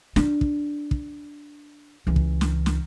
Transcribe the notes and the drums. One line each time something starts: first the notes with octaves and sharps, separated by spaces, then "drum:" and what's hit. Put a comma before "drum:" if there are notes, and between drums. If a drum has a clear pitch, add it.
D4, drum: snare
drum: kick
drum: kick
C#2 E3
drum: kick
drum: snare
drum: snare